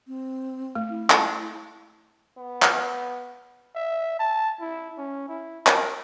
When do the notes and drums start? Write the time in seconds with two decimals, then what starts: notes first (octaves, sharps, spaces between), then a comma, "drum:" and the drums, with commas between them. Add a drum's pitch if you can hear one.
0.08 C4
0.75 A3
0.90 E4
1.10 drum: clap
2.38 B3
2.62 drum: clap
3.75 E5
4.19 A5
4.60 E4
4.98 C#4
5.29 E4
5.67 A#4, drum: clap